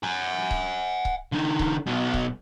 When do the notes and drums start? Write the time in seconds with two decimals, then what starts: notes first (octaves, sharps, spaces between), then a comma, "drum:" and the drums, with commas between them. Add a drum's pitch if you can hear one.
0.03 F#5 G#5
0.51 drum: kick C#1
1.05 drum: kick C#1
1.32 D3 D#4
1.59 drum: kick C#1
1.87 B1 B3
2.14 drum: kick C#1